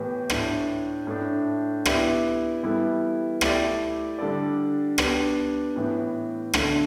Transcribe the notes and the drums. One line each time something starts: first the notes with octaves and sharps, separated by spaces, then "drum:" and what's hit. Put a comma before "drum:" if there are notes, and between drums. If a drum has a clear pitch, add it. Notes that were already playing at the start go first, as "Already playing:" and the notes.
Already playing: A2 E3 B3 G4
A2 A3 D4, drum: rim click
A2 A3 D4
B3 E4 G4 D5, drum: rim click
E3 G3 B3 E4 A4
A3 E4 G4 D5, drum: rim click
D3 G3 D4 A4 D5
B3 D4 G4, drum: rim click
A2 E3 B3
D3 A3 D4 A4, drum: rim click